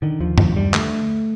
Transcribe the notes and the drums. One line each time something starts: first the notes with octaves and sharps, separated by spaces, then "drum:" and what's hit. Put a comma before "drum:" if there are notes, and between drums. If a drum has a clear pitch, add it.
D3 D#3
D#2 F3
D3 F3, drum: tom F#2
D#2 G3
D3 A3, drum: clap